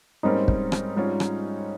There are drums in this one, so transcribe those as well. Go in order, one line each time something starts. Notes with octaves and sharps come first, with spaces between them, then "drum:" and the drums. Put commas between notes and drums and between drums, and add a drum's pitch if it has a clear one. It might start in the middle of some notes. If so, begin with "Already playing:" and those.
G#2 G3 A#3 C4 C#4 D#4
drum: kick
drum: rim click
G#2 G3 C#4 F4
drum: rim click